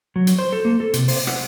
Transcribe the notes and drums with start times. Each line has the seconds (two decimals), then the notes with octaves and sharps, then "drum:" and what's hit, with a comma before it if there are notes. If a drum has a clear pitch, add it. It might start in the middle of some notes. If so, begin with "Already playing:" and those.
0.16 F#3
0.27 drum: hi-hat
0.39 C5
0.52 A4
0.65 A#3
0.80 A4
0.93 C3, drum: hi-hat
1.08 C5, drum: open hi-hat
1.27 F#5, drum: rim click